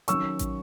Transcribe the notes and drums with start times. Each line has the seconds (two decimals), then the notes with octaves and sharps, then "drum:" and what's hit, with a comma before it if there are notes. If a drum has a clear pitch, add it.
0.08 D#3 F#3 C#4 C#6 E6, drum: hi-hat
0.39 drum: kick A1, hi-hat